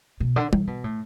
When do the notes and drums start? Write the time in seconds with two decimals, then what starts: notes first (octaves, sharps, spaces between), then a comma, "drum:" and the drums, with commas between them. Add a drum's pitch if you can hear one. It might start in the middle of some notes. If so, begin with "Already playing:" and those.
0.20 B2
0.36 D3
0.53 E3, drum: tom G3
0.67 B2
0.84 A2